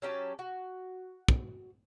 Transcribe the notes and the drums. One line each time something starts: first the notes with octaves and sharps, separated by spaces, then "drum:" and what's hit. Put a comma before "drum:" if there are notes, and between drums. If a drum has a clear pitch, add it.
F#3 C#4 G4 A5
F#4
drum: kick